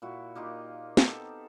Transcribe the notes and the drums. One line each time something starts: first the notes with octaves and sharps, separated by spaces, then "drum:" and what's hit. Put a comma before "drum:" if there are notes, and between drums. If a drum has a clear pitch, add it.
A#2 E4 F#4
A#3 D#4 F4 G4
B3 C4 G4 A4, drum: snare